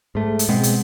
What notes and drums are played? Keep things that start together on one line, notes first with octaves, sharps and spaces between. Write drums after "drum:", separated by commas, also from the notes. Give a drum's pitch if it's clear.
G#2 A3
drum: hi-hat
B2 G#3 B3 C4
drum: hi-hat